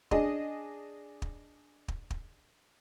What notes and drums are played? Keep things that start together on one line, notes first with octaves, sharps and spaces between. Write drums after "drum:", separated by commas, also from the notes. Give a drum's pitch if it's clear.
D4 G#4 D#5, drum: kick
drum: kick
drum: kick
drum: kick